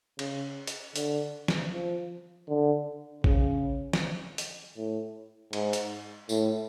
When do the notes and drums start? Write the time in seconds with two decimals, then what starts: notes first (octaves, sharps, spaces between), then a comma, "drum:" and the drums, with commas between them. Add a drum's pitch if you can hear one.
0.19 C#3, drum: cymbal
0.67 drum: hi-hat
0.96 D3, drum: hi-hat
1.48 drum: snare
1.72 F3
2.48 D3
3.24 C#3, drum: kick A1
3.93 drum: snare
4.38 drum: hi-hat
4.77 A2
5.53 G#2, drum: cymbal
5.73 drum: hi-hat
6.29 A2, drum: tambourine